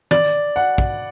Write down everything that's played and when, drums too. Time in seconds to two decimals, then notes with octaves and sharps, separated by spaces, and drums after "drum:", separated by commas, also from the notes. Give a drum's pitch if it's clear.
0.11 D5, drum: tom
0.56 F#5
0.78 drum: kick